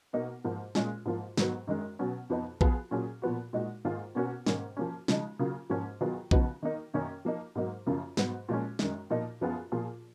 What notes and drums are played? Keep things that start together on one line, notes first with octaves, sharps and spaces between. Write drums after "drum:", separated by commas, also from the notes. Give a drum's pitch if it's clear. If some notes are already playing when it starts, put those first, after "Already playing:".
B2 A#3 D#4
G#2 F3 A#3
A#2 G#3 C#4 F4 G#4, drum: snare
G#2 F3 A#3 F4
G#2 D#3 F#3 B3, drum: snare
F#2 D#3 G#3
B2 F#3 C#4
F2 F3 B3 D#4
F3 B3 F4 G#4, drum: kick A#1
A#2 F#3 C#4 G#4
A#2 F3 B3 F#4
A#2 G#3 D#4 F#4
G#2 D#3 A#3 F4 G#4
B2 A#3 C#4 F#4
G#2 D#3 A#3 C#4, drum: snare
F3 A#3 C#4
C#3 F3 G#3 D#4, drum: snare
C#3 F#3 A#3 F4
G#2 F3 A#3 C#4
D#3 F#3 B3 F4 G#4
C#3 F3 B3 D#4 F#4, drum: kick A#1
D#3 A#3 D#4
F#2 D#3 A#3 C#4
F3 A#3 D#4
G#2 F#3 A#3 D#4
F#2 C#3 F3 A#3 F4
G#2 F#3 B3 F#4, drum: snare
A#2 F3 G#3 C#4
F#2 D#3 G#3, drum: snare
A#2 F3 A#3 D#4
F#2 F3 B3 F4 G#4
A#2 F3 A#3 F4 G#4